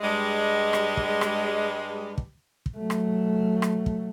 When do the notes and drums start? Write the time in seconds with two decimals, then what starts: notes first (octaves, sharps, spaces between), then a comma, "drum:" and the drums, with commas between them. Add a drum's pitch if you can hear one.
0.01 G2 G3 G#3
0.73 drum: rim click
0.97 drum: kick
1.21 drum: rim click
2.18 drum: kick
2.66 drum: kick
2.78 F#3 A3
2.90 drum: rim click
3.62 drum: rim click
3.86 drum: kick